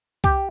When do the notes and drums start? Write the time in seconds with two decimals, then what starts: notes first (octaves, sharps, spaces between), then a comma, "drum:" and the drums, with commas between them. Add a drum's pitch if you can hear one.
0.24 G4, drum: kick C2